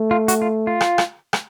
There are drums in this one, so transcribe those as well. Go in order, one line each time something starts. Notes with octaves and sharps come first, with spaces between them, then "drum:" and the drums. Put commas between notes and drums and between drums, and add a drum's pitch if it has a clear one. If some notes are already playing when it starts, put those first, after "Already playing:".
Already playing: A3
F4
F#4, drum: hi-hat
F4
F4
drum: rim click
drum: rim click
drum: rim click